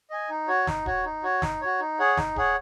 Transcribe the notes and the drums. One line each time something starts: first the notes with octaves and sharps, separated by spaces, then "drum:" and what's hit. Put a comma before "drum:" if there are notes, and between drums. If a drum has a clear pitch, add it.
D#5 G#5
D#4
F#4 C#5
D#4, drum: snare
F#4 C#5, drum: kick D1
D#4
F#4 C#5
D#4, drum: snare
F#4 C#5
D#4
G#4 C#5 F#5
D#4, drum: snare
G#4 C#5 F#5, drum: kick D1